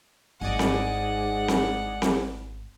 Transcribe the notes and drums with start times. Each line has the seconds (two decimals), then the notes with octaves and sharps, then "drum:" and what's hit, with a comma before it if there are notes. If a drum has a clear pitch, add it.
0.41 G#1 G#2 D5 D#5 F#5 G#5
0.59 drum: snare C4
1.48 drum: snare C4
2.02 drum: snare C4